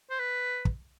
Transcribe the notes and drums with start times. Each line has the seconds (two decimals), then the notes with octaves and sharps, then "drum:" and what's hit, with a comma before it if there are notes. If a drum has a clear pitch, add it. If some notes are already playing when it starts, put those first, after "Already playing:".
0.10 C5
0.19 B4
0.65 drum: kick